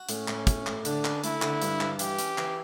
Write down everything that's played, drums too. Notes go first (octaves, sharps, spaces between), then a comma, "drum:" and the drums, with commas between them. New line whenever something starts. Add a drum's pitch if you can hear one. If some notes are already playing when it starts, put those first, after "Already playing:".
Already playing: F#4
A2 C#4, drum: hi-hat
A2, drum: clap
A2, drum: kick, hi-hat
A2, drum: clap
D3 D4, drum: hi-hat
C#4, drum: clap
A3 E4, drum: hi-hat
D3, drum: clap
G2, drum: hi-hat
G2, drum: clap
E3 G4, drum: hi-hat
C#4, drum: hi-hat
E3, drum: clap